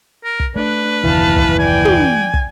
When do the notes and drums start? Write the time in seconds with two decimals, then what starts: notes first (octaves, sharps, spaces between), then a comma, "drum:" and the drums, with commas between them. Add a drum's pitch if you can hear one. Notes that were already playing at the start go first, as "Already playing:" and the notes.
0.24 A#4
0.40 drum: kick
0.56 A3 D4 B4
1.04 F#1 D#2 B2 E3 F5 A5
1.37 drum: kick
1.59 D5 G5 G#5
1.85 drum: tom
2.34 drum: kick